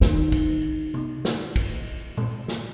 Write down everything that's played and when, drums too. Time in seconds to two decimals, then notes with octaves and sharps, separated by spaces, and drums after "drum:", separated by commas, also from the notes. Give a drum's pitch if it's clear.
0.01 D#3 D#4, drum: snare
0.32 drum: kick, cymbal
0.94 drum: tom C3
1.25 drum: snare
1.56 drum: kick, cymbal
2.17 drum: tom A#2
2.48 drum: snare